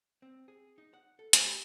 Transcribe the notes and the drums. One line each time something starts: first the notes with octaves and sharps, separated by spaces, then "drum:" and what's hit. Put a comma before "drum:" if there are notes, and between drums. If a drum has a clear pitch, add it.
C4
G#4
D#4
F#5
A4
A3, drum: hi-hat
G4